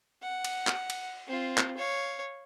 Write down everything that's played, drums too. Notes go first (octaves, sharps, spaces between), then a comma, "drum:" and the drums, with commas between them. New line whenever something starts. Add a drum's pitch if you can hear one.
F#5
drum: cymbal
drum: clap
drum: cymbal
C4 F4
drum: clap
C#5 F5